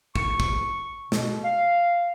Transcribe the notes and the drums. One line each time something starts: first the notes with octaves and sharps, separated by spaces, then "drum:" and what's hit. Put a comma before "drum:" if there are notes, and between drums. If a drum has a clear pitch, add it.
C#6, drum: kick
drum: kick
B2, drum: snare
F5